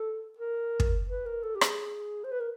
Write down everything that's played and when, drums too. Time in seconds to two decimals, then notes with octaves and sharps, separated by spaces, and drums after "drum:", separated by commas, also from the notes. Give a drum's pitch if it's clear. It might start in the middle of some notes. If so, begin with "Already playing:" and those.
Already playing: A4
0.38 A#4
0.80 drum: kick
1.09 B4
1.26 A#4
1.43 A4
1.55 G4
1.61 G#4, drum: rim click
2.24 C5
2.32 B4
2.40 A#4